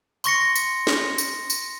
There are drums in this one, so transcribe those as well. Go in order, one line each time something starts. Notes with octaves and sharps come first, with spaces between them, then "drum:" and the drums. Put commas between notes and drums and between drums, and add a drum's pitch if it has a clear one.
C6 C#6 A#6 C#7, drum: tambourine
drum: tambourine
drum: snare
drum: tambourine
drum: tambourine